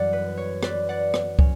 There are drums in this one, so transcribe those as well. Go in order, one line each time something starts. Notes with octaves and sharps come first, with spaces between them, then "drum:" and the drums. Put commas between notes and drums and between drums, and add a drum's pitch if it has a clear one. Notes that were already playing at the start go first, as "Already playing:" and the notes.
Already playing: F#2 E3 G3 D5 F#5
B4
C#5
B4 D5, drum: rim click
D5 F#5
drum: rim click
C#4, drum: kick